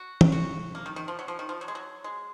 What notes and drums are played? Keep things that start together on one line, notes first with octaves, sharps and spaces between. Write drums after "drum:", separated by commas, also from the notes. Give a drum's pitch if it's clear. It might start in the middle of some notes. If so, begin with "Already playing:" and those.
Already playing: F#4
drum: tom
F#4
A#3
D#3
D#3
F3
F#3
F3
D#3
F3
F#3
G#3
F#3
G#3